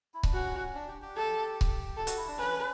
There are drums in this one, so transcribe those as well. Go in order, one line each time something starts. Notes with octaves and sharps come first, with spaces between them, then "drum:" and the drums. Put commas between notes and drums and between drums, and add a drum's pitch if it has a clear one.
E4
D4, drum: kick C#1
C#4 F#4
D4
G4
G4
A4
drum: kick C#1
A4
F#4, drum: hi-hat
E4
D4
C#4 B4